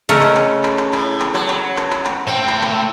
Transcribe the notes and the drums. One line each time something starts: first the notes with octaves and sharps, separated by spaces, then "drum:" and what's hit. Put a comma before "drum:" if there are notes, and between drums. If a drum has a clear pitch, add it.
C#3 A3 C#4 A4 A#4 D#5
drum: clap
drum: clap
drum: clap
drum: clap
A2, drum: clap
drum: clap
F#3, drum: clap
drum: clap
drum: clap
drum: clap
drum: clap
A2 C4 G5
drum: clap
drum: clap